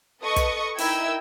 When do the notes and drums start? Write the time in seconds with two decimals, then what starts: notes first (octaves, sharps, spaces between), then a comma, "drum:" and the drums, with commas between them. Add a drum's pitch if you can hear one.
0.23 A4 B4 D#5 C#6 D#6
0.36 drum: kick, hi-hat
0.78 D#4 E4 A#4 G5 E6 G#6, drum: open hi-hat